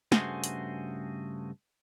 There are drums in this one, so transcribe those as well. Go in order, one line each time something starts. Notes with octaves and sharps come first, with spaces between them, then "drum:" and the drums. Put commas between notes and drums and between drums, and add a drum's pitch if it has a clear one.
G2 C#3 A3 F#4 G#4 C5, drum: snare
drum: hi-hat